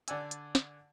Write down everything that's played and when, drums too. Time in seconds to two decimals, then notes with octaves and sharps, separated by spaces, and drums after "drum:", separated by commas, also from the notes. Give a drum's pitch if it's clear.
0.08 D3 D5 F#5 G#5 E6, drum: hi-hat
0.31 drum: hi-hat
0.55 drum: snare